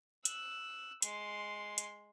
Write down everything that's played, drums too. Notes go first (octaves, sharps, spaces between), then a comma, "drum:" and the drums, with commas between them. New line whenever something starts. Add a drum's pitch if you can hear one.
E6 F#6, drum: hi-hat
G#3 C6, drum: hi-hat
drum: hi-hat